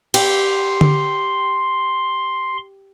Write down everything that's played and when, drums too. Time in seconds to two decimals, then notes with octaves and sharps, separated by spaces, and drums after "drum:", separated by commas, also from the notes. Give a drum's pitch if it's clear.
0.14 G4 C6, drum: cymbal
0.81 drum: tom D3